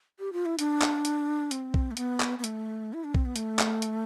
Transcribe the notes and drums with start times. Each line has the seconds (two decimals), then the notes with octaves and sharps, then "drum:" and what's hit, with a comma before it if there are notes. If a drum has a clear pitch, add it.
0.19 G4
0.33 F4
0.46 E4
0.59 D4, drum: hi-hat
0.82 drum: clap
1.05 drum: hi-hat
1.51 C4, drum: hi-hat
1.74 drum: kick B1
1.91 A3
1.97 B3, drum: hi-hat
2.20 drum: clap
2.39 B3
2.44 A3, drum: hi-hat
2.93 E4
3.04 D4
3.15 C4, drum: kick B1
3.25 B3
3.36 A3, drum: hi-hat
3.59 drum: clap
3.82 drum: hi-hat